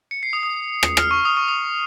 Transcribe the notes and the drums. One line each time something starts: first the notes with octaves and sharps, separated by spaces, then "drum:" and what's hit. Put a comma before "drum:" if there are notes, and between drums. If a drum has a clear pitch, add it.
C#7
C7
D#6
D#6
drum: rim click
F6, drum: rim click
C#6
D#6
C#6
D#6